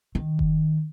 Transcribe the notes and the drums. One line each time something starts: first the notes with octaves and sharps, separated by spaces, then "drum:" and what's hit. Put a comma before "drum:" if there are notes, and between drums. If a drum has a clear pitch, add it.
D#3
drum: kick F1